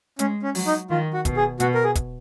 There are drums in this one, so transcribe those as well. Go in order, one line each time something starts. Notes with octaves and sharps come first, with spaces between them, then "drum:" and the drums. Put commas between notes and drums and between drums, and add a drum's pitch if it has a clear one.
G#3 C#4, drum: hi-hat
C#4
F#3, drum: open hi-hat
D#4
D#3 F4
F#4
B2, drum: kick, hi-hat
G#4
B2 F#4, drum: hi-hat
A#4
G#4
drum: kick, hi-hat